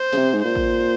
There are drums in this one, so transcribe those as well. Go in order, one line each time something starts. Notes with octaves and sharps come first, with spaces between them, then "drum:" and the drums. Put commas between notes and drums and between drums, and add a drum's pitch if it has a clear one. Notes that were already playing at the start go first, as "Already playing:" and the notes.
Already playing: C5
C#3, drum: snare
C3
G#2
A#2 C5
drum: kick A1